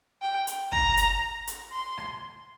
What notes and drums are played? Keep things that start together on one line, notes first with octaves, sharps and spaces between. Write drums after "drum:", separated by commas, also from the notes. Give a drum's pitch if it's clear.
G5
drum: hi-hat
A#5, drum: kick
drum: hi-hat
drum: hi-hat
C6
drum: rim click